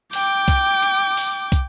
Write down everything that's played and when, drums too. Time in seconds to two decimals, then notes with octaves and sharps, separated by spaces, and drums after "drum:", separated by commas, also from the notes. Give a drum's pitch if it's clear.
0.13 G5 D6, drum: open hi-hat
0.48 drum: kick, hi-hat
0.83 drum: hi-hat
1.17 drum: open hi-hat
1.52 drum: kick, hi-hat